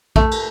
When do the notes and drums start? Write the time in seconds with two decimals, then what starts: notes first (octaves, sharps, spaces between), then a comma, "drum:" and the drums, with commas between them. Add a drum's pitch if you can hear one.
0.16 A3, drum: kick
0.31 drum: cymbal